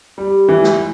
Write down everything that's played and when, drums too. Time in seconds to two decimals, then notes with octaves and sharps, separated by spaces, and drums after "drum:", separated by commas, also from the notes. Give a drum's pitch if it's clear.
0.18 G3
0.49 E3
0.64 drum: snare